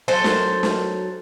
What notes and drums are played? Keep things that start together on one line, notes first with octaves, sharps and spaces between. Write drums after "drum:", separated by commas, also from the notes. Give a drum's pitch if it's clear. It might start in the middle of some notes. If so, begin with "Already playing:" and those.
F#3 A4 C5
drum: snare
drum: snare